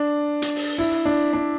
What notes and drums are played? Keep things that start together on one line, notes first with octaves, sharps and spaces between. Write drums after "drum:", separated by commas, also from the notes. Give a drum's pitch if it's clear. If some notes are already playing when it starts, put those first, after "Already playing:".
Already playing: D4
drum: hi-hat
drum: open hi-hat
E4
D4
D4